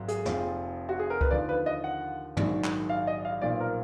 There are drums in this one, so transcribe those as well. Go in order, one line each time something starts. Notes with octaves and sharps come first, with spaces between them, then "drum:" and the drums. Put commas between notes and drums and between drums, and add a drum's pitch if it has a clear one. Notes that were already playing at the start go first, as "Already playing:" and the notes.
Already playing: G#1 G#2 F#3
G#4, drum: hi-hat
F1 F2 F3, drum: snare
F#4
G#4
A#4
B4, drum: kick C#2
D#2 D3 F3 D5
B4
D#5
F#5
A#1 G#2 D#3 F#3, drum: tom
drum: clap
F5
D#5
F5
B1 A#2 F3 D5
A#4